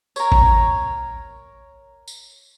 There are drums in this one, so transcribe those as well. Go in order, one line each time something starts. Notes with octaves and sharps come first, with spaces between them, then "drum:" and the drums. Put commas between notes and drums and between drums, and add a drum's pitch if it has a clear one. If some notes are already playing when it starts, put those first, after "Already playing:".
A#4 C#5, drum: tambourine
drum: kick A1
drum: tambourine